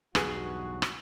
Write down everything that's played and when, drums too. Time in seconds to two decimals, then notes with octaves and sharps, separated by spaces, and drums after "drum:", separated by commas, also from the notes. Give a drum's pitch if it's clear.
0.15 B1 E2 G2 F#4 G#4 B4, drum: rim click
0.82 drum: rim click